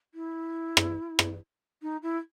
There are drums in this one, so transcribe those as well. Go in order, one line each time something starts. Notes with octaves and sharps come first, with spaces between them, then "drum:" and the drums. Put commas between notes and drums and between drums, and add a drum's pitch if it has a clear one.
E4
drum: rim click
drum: rim click
D#4
E4